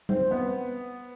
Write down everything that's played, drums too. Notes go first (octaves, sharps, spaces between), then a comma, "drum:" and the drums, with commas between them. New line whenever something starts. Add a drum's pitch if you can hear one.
C4, drum: tom
B3